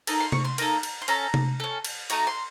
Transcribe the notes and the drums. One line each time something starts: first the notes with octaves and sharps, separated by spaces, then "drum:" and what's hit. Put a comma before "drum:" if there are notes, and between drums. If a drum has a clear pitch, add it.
A#3 D#4 A4 A#5, drum: cymbal
C6
C#6, drum: tom C3
C6
A#3 D#4 A4 A#5, drum: cymbal
drum: cymbal
C6
C#4 A4 A#5, drum: cymbal
drum: tom C3
C#4 A4
drum: cymbal
A3 D#4 F#4 A#5, drum: cymbal
C6